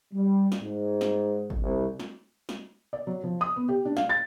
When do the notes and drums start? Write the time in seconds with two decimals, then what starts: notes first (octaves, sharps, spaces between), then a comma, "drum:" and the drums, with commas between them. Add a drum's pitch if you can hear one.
0.13 G3
0.52 drum: snare
0.61 G#2
1.01 drum: snare
1.50 drum: kick
1.62 C2
2.00 drum: snare
2.49 drum: snare
2.93 D5
3.07 F#3
3.24 F3
3.41 D#6
3.56 B3
3.69 G4
3.85 D4
3.97 F5, drum: snare
4.09 A6